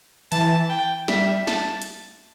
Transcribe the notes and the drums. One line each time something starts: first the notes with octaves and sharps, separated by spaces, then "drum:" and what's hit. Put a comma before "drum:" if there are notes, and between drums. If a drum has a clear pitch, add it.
E3 A5, drum: hi-hat
G5
G3 E5, drum: snare
A5, drum: snare
drum: hi-hat